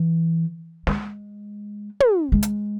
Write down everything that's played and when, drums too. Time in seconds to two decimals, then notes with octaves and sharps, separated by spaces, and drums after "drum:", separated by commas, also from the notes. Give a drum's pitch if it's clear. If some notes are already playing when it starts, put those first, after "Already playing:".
Already playing: E3
0.87 G#3, drum: snare
2.00 drum: tom
2.32 G#3
2.43 drum: hi-hat